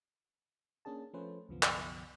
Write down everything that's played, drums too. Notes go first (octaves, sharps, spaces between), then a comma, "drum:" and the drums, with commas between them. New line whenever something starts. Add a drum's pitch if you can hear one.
A#3 C#4 D4 G#4 A5
F3 A3 C#4 B4 C5
C2 F#2 D3 F3 B3
drum: clap